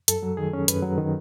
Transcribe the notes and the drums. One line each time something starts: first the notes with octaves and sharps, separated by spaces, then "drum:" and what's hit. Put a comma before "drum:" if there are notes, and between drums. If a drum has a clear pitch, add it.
F#2 A4, drum: hi-hat
F#3
D#3 G#4
C#4
F#2 B4, drum: hi-hat
F#3
D#3